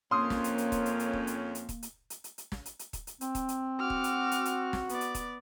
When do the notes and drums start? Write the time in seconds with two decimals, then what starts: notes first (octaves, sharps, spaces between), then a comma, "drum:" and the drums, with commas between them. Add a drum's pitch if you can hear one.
0.11 F2 A#3 C#4 C6 D#6
0.30 drum: snare
0.44 drum: hi-hat
0.58 drum: hi-hat
0.72 drum: kick D#1, hi-hat
0.86 drum: hi-hat
0.99 drum: hi-hat
1.13 drum: kick D#1
1.27 drum: hi-hat
1.55 drum: hi-hat
1.69 drum: kick D#1, hi-hat
1.83 drum: hi-hat
2.10 drum: hi-hat
2.24 drum: hi-hat
2.38 drum: hi-hat
2.52 drum: snare
2.66 drum: hi-hat
2.79 drum: hi-hat
2.93 drum: kick D#1, hi-hat
3.07 drum: hi-hat
3.21 C4, drum: hi-hat
3.35 drum: kick D#1, hi-hat
3.49 drum: hi-hat
3.79 F#4 D6 F6
3.90 drum: kick D#1
4.04 drum: hi-hat
4.32 drum: hi-hat
4.45 drum: hi-hat
4.73 drum: snare
4.89 B3 D5, drum: hi-hat
5.01 drum: hi-hat
5.15 drum: kick D#1, hi-hat